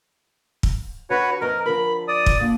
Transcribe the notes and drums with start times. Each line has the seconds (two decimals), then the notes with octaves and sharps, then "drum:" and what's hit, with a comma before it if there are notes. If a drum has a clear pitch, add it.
0.63 drum: kick
1.10 D3 F#4 B4 C#5
1.41 F2 A#4 B4 D#5
1.66 D3 F3 A#4 B5
2.08 D5 D#6
2.26 drum: kick
2.40 A#2 D3